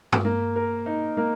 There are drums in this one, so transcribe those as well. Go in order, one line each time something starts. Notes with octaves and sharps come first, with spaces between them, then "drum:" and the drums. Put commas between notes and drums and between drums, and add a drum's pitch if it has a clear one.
drum: tom
A#3
A#4
D#4
A#3